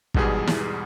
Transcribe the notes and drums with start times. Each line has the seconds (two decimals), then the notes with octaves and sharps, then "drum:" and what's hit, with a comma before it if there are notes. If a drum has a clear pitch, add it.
0.14 E2 G#2 B2 G3 G#4, drum: kick
0.47 drum: snare